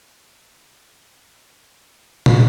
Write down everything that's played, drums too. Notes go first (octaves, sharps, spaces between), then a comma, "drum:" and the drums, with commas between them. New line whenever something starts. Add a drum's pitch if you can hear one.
A#4
A#4
A3
A4
C#5
F#5
A4
drum: tom